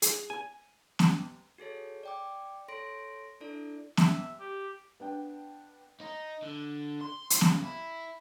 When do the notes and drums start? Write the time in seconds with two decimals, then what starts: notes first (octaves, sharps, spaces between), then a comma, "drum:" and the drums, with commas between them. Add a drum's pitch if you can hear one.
0.02 G#4, drum: hi-hat
0.30 G#5
0.99 drum: snare B3
1.58 F#4 G#4 A4 C#5
2.03 D5 G5 D6
2.68 A4 C#5 C6 A#6 D7
3.41 D4 E4 A4 D5
3.97 E5, drum: snare B3
4.40 G4
5.00 B3 D4 G5
6.01 D#4
6.42 D3
7.01 C6
7.30 drum: hi-hat
7.41 C#3, drum: snare B3
7.62 E4